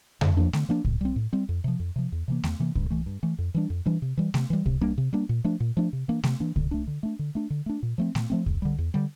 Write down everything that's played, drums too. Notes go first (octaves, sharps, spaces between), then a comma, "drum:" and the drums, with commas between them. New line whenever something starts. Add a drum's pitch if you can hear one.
D3, drum: tom F2
F3 A#3 D4
D3, drum: snare A3
F3 A#3 D4
A2, drum: kick C2
G3 C4
A2
G3 C4
F2
C3 F3
F2
C3 F3
E2
C3 E3 A#3
E2, drum: snare A3
C3 E3 A#3
G2, drum: kick C2
E3 A3
G2
E3 A3
F2
E3 G3 D4
F2
E3 G3 D4
C3
E3 G3
C3, drum: snare A3
E3 G3
C3, drum: kick C2
G3 A#3 D4
C3
G3 A#3 D4
A#2
F3 A3 D4
A#2
F3 A3 D4
C3
E3 A#3 D4
C3, drum: snare A3
E3 A#3 D4
D3, drum: kick C2
A3 D4
D3
A3 D4
D3
A3 D4
D3
A3 D4
A#2
F3 A3 C4
A#2, drum: snare A3
F3 A3 C4
E2, drum: kick C2
D3 G3
E2
D3 G3